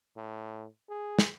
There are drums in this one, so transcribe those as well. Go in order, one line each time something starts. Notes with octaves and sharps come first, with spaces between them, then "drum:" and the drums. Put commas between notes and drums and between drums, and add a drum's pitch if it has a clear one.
A2
G#4
drum: snare